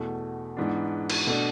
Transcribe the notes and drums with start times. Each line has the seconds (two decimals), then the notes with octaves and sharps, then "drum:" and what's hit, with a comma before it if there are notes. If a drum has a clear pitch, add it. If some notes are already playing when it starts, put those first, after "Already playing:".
Already playing: E2 B2 A3
0.57 G#2 E3 B3 D4
1.10 drum: cymbal
1.27 B2 A3 D4